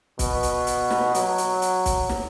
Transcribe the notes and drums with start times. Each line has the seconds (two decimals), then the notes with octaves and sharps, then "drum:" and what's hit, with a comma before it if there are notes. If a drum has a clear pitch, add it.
0.19 B2, drum: kick, hi-hat
0.43 drum: hi-hat
0.67 drum: hi-hat
0.90 drum: snare
1.14 F#3, drum: hi-hat
1.38 drum: hi-hat
1.62 drum: hi-hat
1.86 drum: kick, hi-hat
2.09 drum: snare